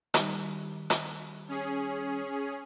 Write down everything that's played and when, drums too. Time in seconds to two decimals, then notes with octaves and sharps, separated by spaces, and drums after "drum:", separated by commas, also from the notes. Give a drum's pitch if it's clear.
0.14 D#3 G3, drum: hi-hat
0.90 drum: hi-hat
1.49 C#4 G#4